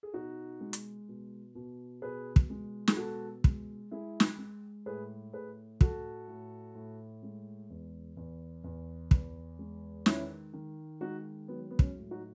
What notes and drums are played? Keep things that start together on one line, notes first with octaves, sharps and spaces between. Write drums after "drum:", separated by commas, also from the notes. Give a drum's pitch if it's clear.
G#4
B2 D#4 F#4
G#3
drum: hi-hat
B2
B2
B2 G#4 B4
drum: kick
G#3
G#4, drum: snare
B2 F#4 A4
G#3, drum: kick
G#3 E4 G#4
drum: snare
G#3
A2 G#4 B4
A2 G#4 B4
A2 F#4 A4, drum: kick
A2
A2
G#3
E2
E2
E2
E2, drum: kick
G#3
D#3 C#4 E4, drum: snare
D#3
G#3 D#4 F#4
F#3 B3
B3
C#4, drum: kick
A2
D#4 F#4